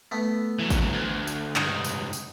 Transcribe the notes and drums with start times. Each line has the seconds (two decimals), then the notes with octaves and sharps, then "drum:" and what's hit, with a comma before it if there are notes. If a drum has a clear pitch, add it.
0.11 A3 B3
0.59 E3 F#3
0.70 drum: kick, tambourine
0.93 D2
1.27 drum: tambourine
1.56 C#2 G2 D#4 F#5 G#5, drum: clap
1.84 drum: tambourine
2.13 drum: tambourine